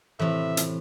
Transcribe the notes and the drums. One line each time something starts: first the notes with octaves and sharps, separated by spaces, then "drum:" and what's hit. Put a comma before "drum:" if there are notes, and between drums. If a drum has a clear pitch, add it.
A2 C3 E3 E5
drum: hi-hat